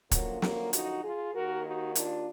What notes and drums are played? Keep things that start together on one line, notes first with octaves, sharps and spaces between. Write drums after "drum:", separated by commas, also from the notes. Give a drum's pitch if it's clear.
F#2 D3 F3 F#3 A#3, drum: kick, hi-hat
F#3 A#3, drum: snare
D#4 F#4, drum: hi-hat
F4 G#4
D#2 D#3 F#4 A#4
D#4 F#4
D4 F4, drum: hi-hat